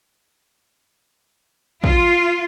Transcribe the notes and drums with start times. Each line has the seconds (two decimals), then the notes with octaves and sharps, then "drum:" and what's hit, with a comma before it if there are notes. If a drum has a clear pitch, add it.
1.84 F4, drum: kick